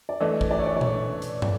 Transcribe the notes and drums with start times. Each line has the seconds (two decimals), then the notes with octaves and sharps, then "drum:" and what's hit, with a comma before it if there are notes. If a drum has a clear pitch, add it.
0.09 D5
0.20 E3 A3 D4 D#5
0.41 drum: kick
0.51 D5
0.59 C#5
0.66 D5
0.77 D5
0.81 C#5, drum: tom A#2
1.22 drum: hi-hat
1.42 drum: tom